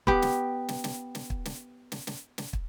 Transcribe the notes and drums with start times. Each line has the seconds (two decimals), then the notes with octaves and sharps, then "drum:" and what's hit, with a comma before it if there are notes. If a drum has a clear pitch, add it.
0.07 B3 G4, drum: kick
0.22 drum: snare
0.69 drum: snare
0.84 drum: snare
1.15 drum: snare
1.30 drum: kick
1.45 drum: snare
1.92 drum: snare
2.07 drum: snare
2.38 drum: snare
2.53 drum: kick